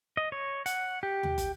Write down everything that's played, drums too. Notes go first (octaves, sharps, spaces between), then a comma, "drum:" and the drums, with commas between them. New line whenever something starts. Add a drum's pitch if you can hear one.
D#5
C#5
F#5, drum: hi-hat
G4
drum: tom D#2
drum: kick, hi-hat